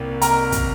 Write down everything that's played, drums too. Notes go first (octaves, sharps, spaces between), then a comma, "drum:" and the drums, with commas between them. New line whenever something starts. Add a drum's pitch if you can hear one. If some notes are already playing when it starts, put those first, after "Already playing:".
Already playing: C2 C3 G3 A#3
A#4 A#5, drum: hi-hat
drum: kick, hi-hat